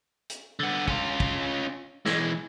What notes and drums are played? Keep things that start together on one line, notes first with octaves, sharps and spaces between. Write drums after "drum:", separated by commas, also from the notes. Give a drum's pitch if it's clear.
drum: hi-hat
D3 B3
C#4 F4, drum: kick
drum: kick
E3 G#3, drum: snare